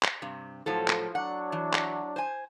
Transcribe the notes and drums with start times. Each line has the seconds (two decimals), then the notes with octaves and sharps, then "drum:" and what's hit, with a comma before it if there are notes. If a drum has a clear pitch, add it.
0.03 drum: clap
0.22 G2 C3
0.66 A2 F3 F#3 A4
0.88 drum: clap
1.15 F#3 D4 F#5
1.52 E3
1.73 drum: clap
2.16 C5 G#5